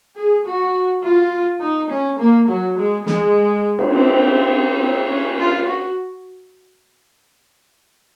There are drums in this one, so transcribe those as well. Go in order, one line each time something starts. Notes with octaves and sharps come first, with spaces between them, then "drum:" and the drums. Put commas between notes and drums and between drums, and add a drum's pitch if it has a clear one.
G#4
F#4
F4
D#4
C#4
A#3
F#3
G#3
G#3, drum: snare
drum: cymbal
C4
C4
C#4
F4
F#4